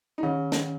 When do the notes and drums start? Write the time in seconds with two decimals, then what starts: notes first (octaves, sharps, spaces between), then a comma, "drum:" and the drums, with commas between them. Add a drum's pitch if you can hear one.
0.18 D#4
0.23 D#3 C#4
0.52 drum: snare